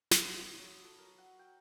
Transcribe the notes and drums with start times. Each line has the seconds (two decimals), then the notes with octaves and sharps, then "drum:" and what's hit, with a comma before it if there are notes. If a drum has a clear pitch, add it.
0.11 B3, drum: snare
0.58 F#3
0.84 A4
0.98 A#4
1.18 F#5
1.39 G5